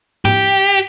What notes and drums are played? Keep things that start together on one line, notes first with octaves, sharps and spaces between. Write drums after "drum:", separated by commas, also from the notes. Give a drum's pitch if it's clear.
G4, drum: tom G#2